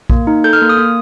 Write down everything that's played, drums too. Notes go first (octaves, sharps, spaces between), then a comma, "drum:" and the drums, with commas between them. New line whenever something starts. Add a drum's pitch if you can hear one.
A#3, drum: kick A#1
D#4
A4 G6
F6
A#3
D#6
A#3